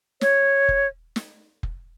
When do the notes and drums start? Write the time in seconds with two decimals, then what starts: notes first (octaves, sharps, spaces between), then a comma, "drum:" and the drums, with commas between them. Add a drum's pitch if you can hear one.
0.21 C#5, drum: snare
0.69 drum: kick F1
1.16 drum: snare
1.63 drum: kick F1